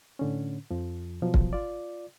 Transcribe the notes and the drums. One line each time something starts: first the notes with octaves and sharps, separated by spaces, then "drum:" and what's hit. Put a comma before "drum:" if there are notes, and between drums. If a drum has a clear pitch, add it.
A2 D3 C#4
F2 F3
B2 F3 F#3
drum: kick
F4 D5